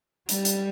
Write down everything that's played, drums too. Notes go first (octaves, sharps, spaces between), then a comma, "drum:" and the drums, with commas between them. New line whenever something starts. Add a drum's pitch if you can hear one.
G3, drum: hi-hat
drum: hi-hat